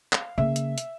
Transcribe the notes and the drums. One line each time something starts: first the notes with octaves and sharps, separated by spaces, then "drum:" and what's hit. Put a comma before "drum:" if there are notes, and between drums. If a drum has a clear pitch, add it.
F5, drum: clap
C#3 A#3 E5
drum: hi-hat
drum: hi-hat